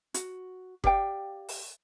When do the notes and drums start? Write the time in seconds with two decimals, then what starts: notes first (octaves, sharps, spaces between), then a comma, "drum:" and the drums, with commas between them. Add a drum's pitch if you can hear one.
0.14 F#4, drum: hi-hat
0.84 G4 D5 F5 G5, drum: kick F#1
1.49 drum: open hi-hat